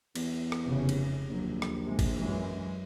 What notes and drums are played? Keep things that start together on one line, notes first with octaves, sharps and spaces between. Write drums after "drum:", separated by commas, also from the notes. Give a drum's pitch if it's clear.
E2, drum: cymbal
drum: rim click
F1 C#3
drum: cymbal
A#1 D#2 F#3
drum: rim click
C3 G#3
drum: kick G#1, cymbal
F#2 E3 G#3